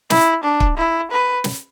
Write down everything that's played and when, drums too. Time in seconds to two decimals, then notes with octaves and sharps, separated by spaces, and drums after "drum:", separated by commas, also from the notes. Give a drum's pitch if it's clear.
0.10 E4, drum: snare
0.43 D4
0.60 drum: kick
0.77 E4
1.11 B4
1.44 drum: snare